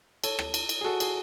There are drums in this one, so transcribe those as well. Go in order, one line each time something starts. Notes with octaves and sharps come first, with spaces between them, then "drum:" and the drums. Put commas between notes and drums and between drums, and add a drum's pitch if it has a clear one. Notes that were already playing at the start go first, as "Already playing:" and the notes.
A4 C#5, drum: cymbal
drum: rim click
drum: cymbal
drum: cymbal
G#4
F#4 A4
G#4, drum: cymbal